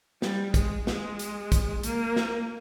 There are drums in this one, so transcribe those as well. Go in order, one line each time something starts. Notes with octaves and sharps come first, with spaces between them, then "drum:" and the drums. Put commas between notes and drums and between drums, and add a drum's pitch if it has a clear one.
G3, drum: snare
G#3, drum: kick, hi-hat
G#3, drum: snare
drum: hi-hat
drum: kick, hi-hat
A#3, drum: hi-hat
drum: snare